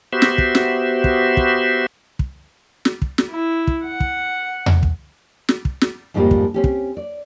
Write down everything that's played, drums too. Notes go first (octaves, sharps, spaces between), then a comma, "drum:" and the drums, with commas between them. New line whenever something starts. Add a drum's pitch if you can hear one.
B3 F#4 G4 C5 E5
drum: snare
drum: kick
drum: snare
drum: kick
drum: kick
drum: kick
drum: snare
drum: kick
drum: snare
E4
drum: kick
F#5
drum: kick
drum: tom E2
drum: kick
drum: snare
drum: kick
drum: snare
F2 G#2 C#3 F3 G3 A#3
drum: kick
C4 C#4 G4
drum: kick
D5